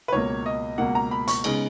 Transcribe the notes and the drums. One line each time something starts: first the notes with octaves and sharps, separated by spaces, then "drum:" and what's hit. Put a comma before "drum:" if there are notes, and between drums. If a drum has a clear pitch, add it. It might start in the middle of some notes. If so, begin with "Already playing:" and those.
B4
C#2 B2 A#3 C#5
D#5
C#2 B2 A#3 F#5
A#5
B5
C#6, drum: hi-hat
C#3 G#3 B3 D#4, drum: cymbal